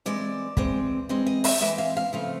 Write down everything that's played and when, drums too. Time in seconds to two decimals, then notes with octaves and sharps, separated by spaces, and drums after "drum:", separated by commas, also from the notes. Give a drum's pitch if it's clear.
0.06 E3 G#3 C4 D5
0.57 E3 G#3 C4, drum: kick
1.09 E3 G#3 C4 D#5
1.26 D#5
1.44 E5, drum: open hi-hat
1.61 E3 G#3 C4 E5
1.78 F5
1.97 F5
2.13 C#3 F3 A3 C4 F5